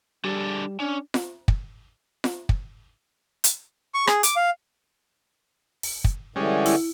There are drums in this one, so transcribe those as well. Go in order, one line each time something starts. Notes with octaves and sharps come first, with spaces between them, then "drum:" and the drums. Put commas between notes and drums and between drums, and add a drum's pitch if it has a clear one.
G3 D4 G#4 A4
C#4 D4
drum: snare F4
drum: kick
drum: snare F4
drum: kick
drum: hi-hat
C#6
G#4, drum: rim click
D6, drum: hi-hat
F5
drum: open hi-hat
drum: kick
D3 E3 G3 G#3 C#4
E4, drum: open hi-hat